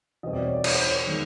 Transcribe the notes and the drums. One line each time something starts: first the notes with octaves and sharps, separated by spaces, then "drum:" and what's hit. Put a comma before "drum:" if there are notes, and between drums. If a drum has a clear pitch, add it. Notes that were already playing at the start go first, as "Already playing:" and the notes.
E2 B2 G3 C4 D#5
D5
C#5
D5
C#5, drum: cymbal
C5
C#5
D#3 G#3 B3